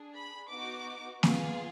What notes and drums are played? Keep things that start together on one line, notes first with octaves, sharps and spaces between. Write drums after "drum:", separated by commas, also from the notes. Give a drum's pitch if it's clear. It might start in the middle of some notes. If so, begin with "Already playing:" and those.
Already playing: D4 G#4
B5
B3 D#4 F#4 D6
B3 F4 G#4, drum: snare A#3